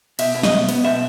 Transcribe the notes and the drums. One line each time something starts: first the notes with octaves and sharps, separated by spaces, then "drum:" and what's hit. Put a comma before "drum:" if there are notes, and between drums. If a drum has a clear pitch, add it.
B2 E5, drum: cymbal
B2
D#5, drum: snare
B2
B3, drum: cymbal
B2 E5